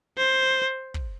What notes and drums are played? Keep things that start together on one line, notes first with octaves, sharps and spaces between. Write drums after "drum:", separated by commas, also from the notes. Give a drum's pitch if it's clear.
C5
drum: kick